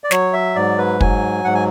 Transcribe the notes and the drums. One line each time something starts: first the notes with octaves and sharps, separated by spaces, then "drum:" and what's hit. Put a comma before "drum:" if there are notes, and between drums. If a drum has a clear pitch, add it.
D5
F#3 C#5, drum: snare
E5
G#2 D5
B4
F#3 G#5, drum: kick
G#2 F#5
G#5